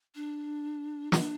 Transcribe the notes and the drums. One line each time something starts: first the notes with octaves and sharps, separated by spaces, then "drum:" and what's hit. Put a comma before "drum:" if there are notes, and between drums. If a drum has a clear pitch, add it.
D4
F4, drum: snare
D4